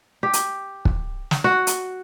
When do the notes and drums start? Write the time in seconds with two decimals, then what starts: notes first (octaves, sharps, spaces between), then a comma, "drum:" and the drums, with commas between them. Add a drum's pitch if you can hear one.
0.23 G4
0.33 drum: hi-hat
0.85 drum: kick
1.31 drum: snare
1.44 F#4
1.67 drum: hi-hat